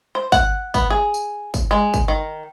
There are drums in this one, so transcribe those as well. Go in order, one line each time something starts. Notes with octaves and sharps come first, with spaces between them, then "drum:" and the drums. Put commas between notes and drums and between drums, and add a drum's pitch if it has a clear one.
C5
F#5, drum: kick, tambourine
B3, drum: kick, tambourine
G#4
drum: tambourine
drum: kick, tambourine
G#3
drum: kick, tambourine
D#3